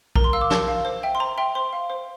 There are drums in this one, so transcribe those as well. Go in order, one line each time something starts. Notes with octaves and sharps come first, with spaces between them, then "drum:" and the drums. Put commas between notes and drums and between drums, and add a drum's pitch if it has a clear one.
A#4 A#5, drum: kick B1
C6
F5 E6
D6
A#4 A5, drum: snare
F5
C5
E5 G5
C6
C5 A#5
E5 G5 C6
C5 C6
F5
C5